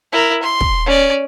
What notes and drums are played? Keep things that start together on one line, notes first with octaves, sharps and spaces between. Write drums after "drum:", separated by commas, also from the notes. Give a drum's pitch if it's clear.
E4 A#4
C6
drum: kick
C#4 D5